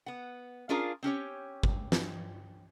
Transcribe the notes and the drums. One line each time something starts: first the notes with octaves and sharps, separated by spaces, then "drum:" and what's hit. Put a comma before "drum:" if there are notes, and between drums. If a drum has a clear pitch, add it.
B3 F#5
C#4 D4 F4 G#4 A#4 F5
C4 C#4 G4 C#5
drum: kick G1
drum: snare